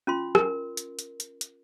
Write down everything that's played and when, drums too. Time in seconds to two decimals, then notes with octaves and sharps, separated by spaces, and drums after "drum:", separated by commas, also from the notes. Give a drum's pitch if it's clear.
0.07 C#4 F4 C6
0.35 A#4, drum: rim click
0.77 drum: hi-hat
0.99 drum: hi-hat
1.20 drum: hi-hat
1.41 drum: hi-hat